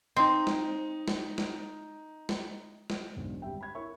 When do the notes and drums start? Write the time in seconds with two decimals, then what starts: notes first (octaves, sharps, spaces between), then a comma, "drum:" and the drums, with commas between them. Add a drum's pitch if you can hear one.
0.16 C4 D#4 D#5
0.47 drum: snare
1.08 drum: snare
1.38 drum: snare
2.29 drum: snare
2.90 drum: snare
3.16 B1 G#2 D3
3.42 G#1 G3 E5 G5
3.61 B5 G#6
3.75 E4 A#4 C#5 E5 C#6